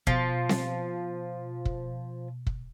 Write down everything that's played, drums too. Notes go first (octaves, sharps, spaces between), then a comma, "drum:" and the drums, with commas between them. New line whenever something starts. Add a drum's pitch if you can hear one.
B2 F3, drum: kick
drum: snare C4
drum: kick
drum: kick